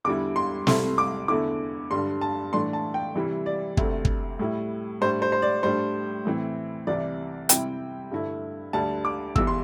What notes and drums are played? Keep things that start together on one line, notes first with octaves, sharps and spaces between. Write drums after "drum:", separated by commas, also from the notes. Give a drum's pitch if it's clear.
E2 D3 G3 E4 D6
C6
C2 C3 A3 E4 C6, drum: snare
D6
E2 D3 A3 E4 D6
G2 D3 G3 D4 C6
A5
A2 E3 A3 D4 C6
A5
G5
C3 E3 G3 E4
D5
D2 C3 A3 C4, drum: kick
drum: kick
A2 G3 E4
A2 G3 D4 C5
C5
C5
D5
A2 G3 D4 C5
A2 E3 C4 E4
C2 C3 E3 D5
C3 G3 C4 E4 G5, drum: hi-hat
G2 D3 A3 E4
D2 D3 G3 D4 A5
D6
E2 E3 G3 E6, drum: kick
C6